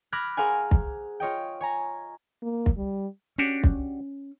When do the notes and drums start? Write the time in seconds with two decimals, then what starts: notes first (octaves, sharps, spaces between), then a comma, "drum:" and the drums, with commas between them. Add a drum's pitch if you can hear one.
0.12 B5 D6 F6 F#6 G#6 A#6
0.37 G#4 A#4 C5 F5 F#5 G#5
0.71 drum: kick
1.20 F4 C#5 D#5 G5
1.61 C#5 G#5 A#5
2.42 A#3
2.66 drum: kick
2.76 G3
3.38 C#4 D4 F#4 G4
3.63 drum: kick